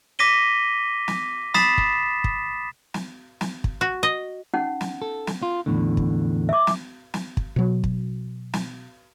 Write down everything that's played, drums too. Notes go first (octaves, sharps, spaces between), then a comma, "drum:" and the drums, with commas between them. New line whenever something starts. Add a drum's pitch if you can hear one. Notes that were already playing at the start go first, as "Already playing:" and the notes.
D6 A#6 B6 D#7 G7
drum: snare
B5 D#6 A6 B6 C7 E7, drum: snare
drum: kick
drum: kick
drum: snare
drum: snare
drum: kick
F#4
D#5
C#4 D#4 F#5
drum: snare
A4
drum: snare
F4
E2 A2 D3
drum: kick
E5 D6
drum: snare
drum: snare
drum: kick
B2 F#3
drum: kick
drum: snare